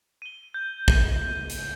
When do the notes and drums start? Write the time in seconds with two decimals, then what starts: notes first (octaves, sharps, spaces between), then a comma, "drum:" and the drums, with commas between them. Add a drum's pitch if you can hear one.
0.22 D#7 G7
0.54 G6
0.88 D#7 G7, drum: kick
1.50 drum: hi-hat